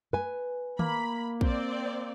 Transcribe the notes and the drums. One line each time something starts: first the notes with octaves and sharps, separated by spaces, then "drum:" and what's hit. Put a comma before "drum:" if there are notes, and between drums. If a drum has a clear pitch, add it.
B4 G#5
A#3 B5, drum: tom D#3
C4 D5, drum: kick